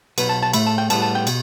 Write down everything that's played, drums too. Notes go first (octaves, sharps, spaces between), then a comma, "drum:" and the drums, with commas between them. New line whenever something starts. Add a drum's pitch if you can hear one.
B1 B2 B3 B4, drum: cymbal
A5
A5
A2 A3 B5, drum: cymbal
A5
G5
A2 G3 B3 A5, drum: cymbal
A5
G5
B2, drum: cymbal